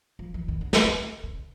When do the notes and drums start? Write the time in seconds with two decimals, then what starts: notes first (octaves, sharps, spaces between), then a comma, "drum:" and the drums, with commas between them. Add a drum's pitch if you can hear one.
0.19 F3
0.34 E3
0.48 D#3
0.61 D3
0.73 C#3, drum: snare
0.84 D3
1.23 C#3